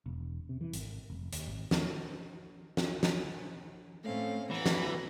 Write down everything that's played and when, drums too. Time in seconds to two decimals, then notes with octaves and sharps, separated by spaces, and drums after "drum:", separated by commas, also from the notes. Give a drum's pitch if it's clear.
0.06 E1
0.49 C3
0.61 E3
0.73 G#1, drum: hi-hat
1.10 F1
1.32 D#2, drum: hi-hat
1.47 G#1
1.71 D#2, drum: snare
2.77 drum: snare
3.03 drum: snare
4.04 A2 A3 C4 C#4 F5
4.51 D2 G2 E3 B3 F#5 A#5 B5
4.66 drum: snare